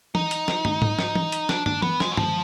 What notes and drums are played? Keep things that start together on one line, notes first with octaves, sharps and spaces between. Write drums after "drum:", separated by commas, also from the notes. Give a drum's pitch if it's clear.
D#4, drum: tom E3
drum: hi-hat
drum: snare
drum: tom
drum: tom G#2
drum: snare
drum: tom E3
drum: hi-hat
D4, drum: snare
D4, drum: tom
B3, drum: tom E3
G#3, drum: snare
F#3
F3, drum: tom